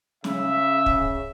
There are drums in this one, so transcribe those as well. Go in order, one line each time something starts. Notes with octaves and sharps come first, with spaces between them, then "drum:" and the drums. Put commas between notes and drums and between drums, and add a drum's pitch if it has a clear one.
C#3 E5, drum: snare
drum: kick